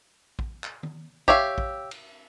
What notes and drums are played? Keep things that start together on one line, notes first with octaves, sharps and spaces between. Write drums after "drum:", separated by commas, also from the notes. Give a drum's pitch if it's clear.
drum: kick A1
drum: clap
drum: tom D#3
G4 C#5 E5 F5, drum: kick A1
drum: kick A1
drum: cymbal